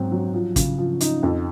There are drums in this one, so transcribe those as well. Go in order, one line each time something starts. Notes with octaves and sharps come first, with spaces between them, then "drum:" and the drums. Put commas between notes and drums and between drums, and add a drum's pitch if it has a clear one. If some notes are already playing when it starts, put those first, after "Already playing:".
Already playing: G#2 F#3 C4
F#3
F3
C#3, drum: kick, hi-hat
F3
D#4, drum: hi-hat
F2